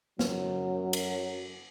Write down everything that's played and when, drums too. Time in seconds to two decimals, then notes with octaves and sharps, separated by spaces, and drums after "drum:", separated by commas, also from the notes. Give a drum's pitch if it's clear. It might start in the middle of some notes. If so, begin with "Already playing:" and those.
0.19 F#2 F#3, drum: snare
0.93 drum: cymbal